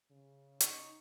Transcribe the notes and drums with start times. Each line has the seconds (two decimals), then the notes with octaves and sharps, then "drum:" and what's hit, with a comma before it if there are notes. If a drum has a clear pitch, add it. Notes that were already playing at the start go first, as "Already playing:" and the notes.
0.11 C#3
0.60 D#4 C#5, drum: hi-hat